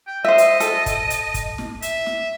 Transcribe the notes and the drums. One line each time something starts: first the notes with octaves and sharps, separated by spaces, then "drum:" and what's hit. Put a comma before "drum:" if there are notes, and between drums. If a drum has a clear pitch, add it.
G5
C5 D#5 E5
drum: hi-hat
A4, drum: hi-hat
drum: kick, hi-hat
drum: hi-hat
drum: kick, hi-hat
drum: snare
E5, drum: hi-hat
drum: snare